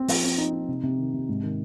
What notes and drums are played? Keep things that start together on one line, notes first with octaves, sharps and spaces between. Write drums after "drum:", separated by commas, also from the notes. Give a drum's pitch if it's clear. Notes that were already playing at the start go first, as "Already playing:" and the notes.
Already playing: C4
F3, drum: open hi-hat
C4
D#4
D#4
C3
C3
D#3
C3
G#2
D#3